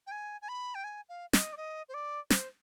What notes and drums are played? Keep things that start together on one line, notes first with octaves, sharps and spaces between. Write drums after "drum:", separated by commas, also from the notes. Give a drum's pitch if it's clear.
G5
G#5
G#5
B5
G5
G#5
F5
D#5, drum: snare
D5
D#5
C5
D5
C5, drum: snare